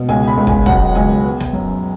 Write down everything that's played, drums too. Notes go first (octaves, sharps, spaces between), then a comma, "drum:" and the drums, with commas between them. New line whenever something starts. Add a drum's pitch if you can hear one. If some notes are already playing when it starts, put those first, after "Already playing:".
Already playing: B2
C#2 G#5
B5
C#2
G#5, drum: kick
F#3 F#5, drum: kick
C#2 G#5
B3
drum: snare
F#2